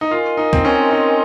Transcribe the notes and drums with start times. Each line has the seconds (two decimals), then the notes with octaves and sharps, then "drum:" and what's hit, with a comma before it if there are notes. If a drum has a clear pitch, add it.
0.01 D#4
0.11 F4 A#4 D#5 G#5 C6
0.37 D#4
0.53 C4, drum: kick C#2
0.65 C#4
0.91 D#4